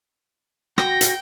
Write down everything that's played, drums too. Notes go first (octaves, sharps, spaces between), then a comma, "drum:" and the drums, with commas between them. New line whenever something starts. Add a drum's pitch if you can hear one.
F#4 G5 A#6, drum: rim click
drum: hi-hat